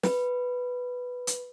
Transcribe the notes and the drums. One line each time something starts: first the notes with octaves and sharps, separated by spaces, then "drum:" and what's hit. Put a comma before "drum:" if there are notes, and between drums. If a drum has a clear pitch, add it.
B4, drum: snare
drum: hi-hat